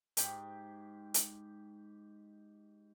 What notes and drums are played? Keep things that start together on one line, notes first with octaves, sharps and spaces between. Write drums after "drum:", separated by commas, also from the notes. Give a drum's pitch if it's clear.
G#2 G4, drum: hi-hat
drum: hi-hat